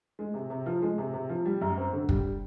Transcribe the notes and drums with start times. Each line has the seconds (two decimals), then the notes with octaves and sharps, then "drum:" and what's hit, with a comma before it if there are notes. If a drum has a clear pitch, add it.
0.19 G#3
0.34 C3
0.50 C3
0.66 F3
0.82 G#3
0.98 C3
1.14 C3
1.29 F3
1.45 G3
1.61 F#2
1.77 C4
1.93 D3
2.09 G3, drum: kick